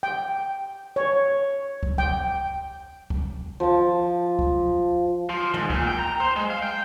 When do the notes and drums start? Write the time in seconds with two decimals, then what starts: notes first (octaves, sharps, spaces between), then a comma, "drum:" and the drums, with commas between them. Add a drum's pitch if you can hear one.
0.03 G5
0.96 C#5
1.83 drum: kick
1.98 G5, drum: kick
3.10 drum: kick
3.60 F3 A5
4.39 drum: kick
5.30 F3
5.54 G#2, drum: tom
5.70 A#2, drum: kick
5.87 G5
5.99 A#5
6.20 C5
6.36 G#3
6.50 F5
6.63 G5